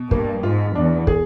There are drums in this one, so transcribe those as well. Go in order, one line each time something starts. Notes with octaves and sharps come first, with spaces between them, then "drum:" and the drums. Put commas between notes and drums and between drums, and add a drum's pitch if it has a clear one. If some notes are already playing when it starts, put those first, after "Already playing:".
Already playing: B2
G2 A#3, drum: kick
G#2 F4
E2 D4
G#4, drum: kick